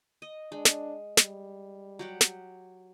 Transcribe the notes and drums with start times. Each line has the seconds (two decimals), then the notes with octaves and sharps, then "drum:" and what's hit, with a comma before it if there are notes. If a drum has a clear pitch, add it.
0.22 D#5
0.52 G#3 D4
0.65 drum: snare
1.17 G3, drum: snare
1.99 F#3 G4 F#5
2.21 drum: snare